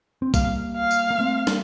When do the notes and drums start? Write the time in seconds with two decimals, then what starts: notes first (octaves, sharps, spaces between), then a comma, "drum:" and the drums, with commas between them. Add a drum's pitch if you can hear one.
0.22 C4
0.34 G3 A#3 F5, drum: kick A#1, tambourine
0.76 F5
0.91 drum: tambourine
1.11 A#3
1.19 A3 C4
1.47 G3 A#3, drum: snare